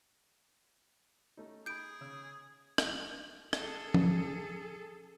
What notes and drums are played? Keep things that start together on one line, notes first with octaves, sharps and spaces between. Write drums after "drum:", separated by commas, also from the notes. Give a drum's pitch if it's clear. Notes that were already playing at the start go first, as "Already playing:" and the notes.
A3 C#4 D#4
D#4 G#4 B5 G6 D7
C#3 E6
drum: rim click
G#4 A4, drum: rim click
drum: tom F3